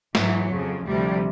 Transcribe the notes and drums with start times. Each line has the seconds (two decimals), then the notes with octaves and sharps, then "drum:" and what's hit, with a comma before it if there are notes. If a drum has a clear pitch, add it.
0.15 G#2 E3 F#3, drum: snare
0.52 F2 C#3 F3
0.87 D2 C3 F3 G3